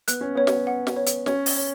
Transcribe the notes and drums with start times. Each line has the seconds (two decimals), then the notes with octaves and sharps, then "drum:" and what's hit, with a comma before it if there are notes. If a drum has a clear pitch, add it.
0.08 B3 F#6, drum: hi-hat
0.21 C#4
0.35 B3 C#5
0.47 drum: snare
0.67 F#5
0.87 drum: snare
0.96 C#5
1.06 drum: hi-hat
1.26 C#4 C#5, drum: snare
1.46 drum: open hi-hat
1.56 C#5